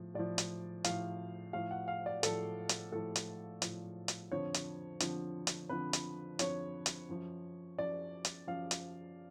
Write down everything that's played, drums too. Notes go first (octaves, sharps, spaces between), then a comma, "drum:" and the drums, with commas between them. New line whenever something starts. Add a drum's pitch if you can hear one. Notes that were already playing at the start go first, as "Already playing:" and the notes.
Already playing: A2 F3
A2 F3 D5
drum: hi-hat
A2 F3 F5, drum: hi-hat
A2 F3 F5
F#5
F5
D5
A2 F3 A4, drum: hi-hat
drum: hi-hat
A2 F3 A4
drum: hi-hat
A2 F3, drum: hi-hat
drum: hi-hat
F2 D3 F3 C#5
drum: hi-hat
F2 D3 F3, drum: hi-hat
drum: hi-hat
F2 D3 F3 B4
drum: hi-hat
F2 D3 F3 C#5, drum: hi-hat
drum: hi-hat
F#2 F3
F#2 F3 D5
drum: hi-hat
F#2 F3 F5
drum: hi-hat